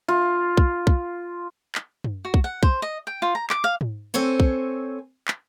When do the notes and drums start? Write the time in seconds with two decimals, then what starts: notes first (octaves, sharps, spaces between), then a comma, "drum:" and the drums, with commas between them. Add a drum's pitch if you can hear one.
0.08 F4
0.57 drum: kick
0.87 drum: kick
1.75 drum: clap
2.04 drum: tom F#2
2.25 F#4
2.34 drum: kick
2.44 F#5
2.63 C5, drum: kick
2.82 D#5
3.07 G5
3.22 F4
3.35 A#5
3.50 D6, drum: clap
3.64 F5
3.81 drum: tom G#2
4.14 C4 A4 C5 C#5 G#5
4.40 drum: kick
5.28 drum: clap